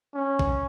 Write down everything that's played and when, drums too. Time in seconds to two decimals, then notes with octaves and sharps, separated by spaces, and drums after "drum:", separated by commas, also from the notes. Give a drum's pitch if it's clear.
0.15 C#4
0.39 drum: kick